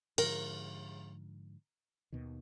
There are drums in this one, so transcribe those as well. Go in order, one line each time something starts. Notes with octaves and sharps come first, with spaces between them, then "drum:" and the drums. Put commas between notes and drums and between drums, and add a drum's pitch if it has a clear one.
G#2 D3 F3 A#4, drum: cymbal
D#2 B2 D#3